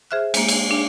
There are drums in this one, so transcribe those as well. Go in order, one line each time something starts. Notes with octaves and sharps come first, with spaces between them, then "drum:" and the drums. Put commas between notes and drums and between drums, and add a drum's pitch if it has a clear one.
G#4 C5 E5 F6 F#6
G#3 A#3, drum: cymbal
drum: cymbal
D4